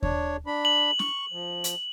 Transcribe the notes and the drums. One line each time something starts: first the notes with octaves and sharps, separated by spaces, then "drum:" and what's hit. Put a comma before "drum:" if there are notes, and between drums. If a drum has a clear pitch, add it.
D4 C#5, drum: kick D#2
D4 B5
F#7
C#6, drum: snare
F3
drum: hi-hat